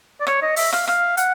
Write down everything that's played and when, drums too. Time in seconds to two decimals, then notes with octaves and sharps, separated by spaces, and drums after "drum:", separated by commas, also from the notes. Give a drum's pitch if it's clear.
0.20 D5
0.27 C#5, drum: rim click
0.42 D#5
0.56 E5, drum: open hi-hat
0.73 F5, drum: rim click
0.87 F5, drum: rim click
1.17 F#5, drum: hi-hat